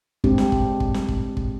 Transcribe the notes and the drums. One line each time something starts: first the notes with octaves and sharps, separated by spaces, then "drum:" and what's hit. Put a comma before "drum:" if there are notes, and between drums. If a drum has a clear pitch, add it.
G#3 C4 D4 G4, drum: kick
drum: snare
drum: kick
drum: kick
drum: snare
drum: kick
drum: kick